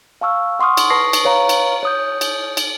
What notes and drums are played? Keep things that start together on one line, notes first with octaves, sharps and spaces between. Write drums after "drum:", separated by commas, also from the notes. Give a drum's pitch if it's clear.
F5 A5 C#6 E6 F6
F#5 C6 C#6 D#6 F6
drum: cymbal
B4 A5 C#6 D#6 A#6 C7
drum: cymbal
B4 C#5 F5 A#5 C#6
drum: cymbal
C#5 D#6 G6
drum: cymbal
drum: cymbal